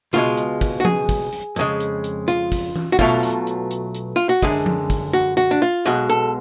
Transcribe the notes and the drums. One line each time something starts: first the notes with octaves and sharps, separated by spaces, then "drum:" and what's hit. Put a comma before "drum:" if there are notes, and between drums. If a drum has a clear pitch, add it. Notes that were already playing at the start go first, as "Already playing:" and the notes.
C#2 B2 G#3 F4, drum: hi-hat
drum: hi-hat
drum: kick, hi-hat
F#4
G#4, drum: tom F3
drum: kick, hi-hat
drum: hi-hat
F2 C#3 G#3, drum: hi-hat
drum: hi-hat
drum: hi-hat
F4, drum: hi-hat
drum: kick, hi-hat
drum: tom E3
F#4
B1 B2 F#3 A3 F4, drum: kick, hi-hat
drum: hi-hat
drum: hi-hat
drum: hi-hat
drum: hi-hat
F4, drum: hi-hat
F#4
F#2 D3 G#3 G#4, drum: kick, hi-hat
drum: tom F3
drum: kick, hi-hat
F#4
F#4, drum: hi-hat
D4
F4, drum: hi-hat
B1 B2 G#3 F#4, drum: hi-hat
A4, drum: hi-hat